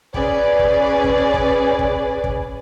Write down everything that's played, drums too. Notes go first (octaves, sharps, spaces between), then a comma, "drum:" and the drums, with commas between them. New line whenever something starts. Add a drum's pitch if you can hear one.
C#4 G#4 B4 D5, drum: kick
drum: kick
drum: kick
drum: kick
drum: kick
drum: kick